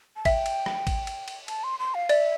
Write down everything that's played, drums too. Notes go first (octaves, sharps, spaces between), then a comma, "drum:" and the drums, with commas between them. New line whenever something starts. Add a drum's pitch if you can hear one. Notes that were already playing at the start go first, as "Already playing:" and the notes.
A5
E5 G5, drum: kick A1, cymbal
drum: cymbal
drum: rim click
drum: kick A1, cymbal
drum: cymbal
drum: cymbal
A5, drum: cymbal
C6
C6
F5
D5 E5, drum: cymbal